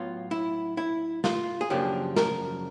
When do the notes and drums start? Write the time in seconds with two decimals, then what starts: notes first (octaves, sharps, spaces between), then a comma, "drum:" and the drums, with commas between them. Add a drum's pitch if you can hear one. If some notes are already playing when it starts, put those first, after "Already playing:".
Already playing: A2 F#3 B3 F4
0.31 E4
0.77 E4
1.24 F4, drum: snare
1.61 G#4
1.70 F#2 C#3 F3 A#3 D4 G4
2.16 A#4, drum: snare